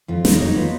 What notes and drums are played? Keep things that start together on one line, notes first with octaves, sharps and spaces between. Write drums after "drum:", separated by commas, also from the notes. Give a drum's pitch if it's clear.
F2 F4
A#3 D#4, drum: snare
F#3 D#4
B3 F4